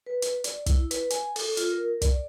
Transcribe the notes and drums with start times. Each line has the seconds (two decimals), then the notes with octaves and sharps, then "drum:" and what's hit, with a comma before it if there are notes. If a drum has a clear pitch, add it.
0.06 B4
0.22 drum: hi-hat
0.44 D5, drum: hi-hat
0.66 E4, drum: kick, hi-hat
0.91 B4, drum: hi-hat
1.10 G#5, drum: hi-hat
1.36 A4, drum: open hi-hat
1.57 F4, drum: hi-hat
1.72 A#4
2.02 D5, drum: kick, hi-hat